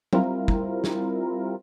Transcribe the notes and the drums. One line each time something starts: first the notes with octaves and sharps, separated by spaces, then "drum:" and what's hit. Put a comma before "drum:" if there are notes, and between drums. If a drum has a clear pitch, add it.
G3 C4 E4 F4 A#4, drum: tom
drum: kick
drum: snare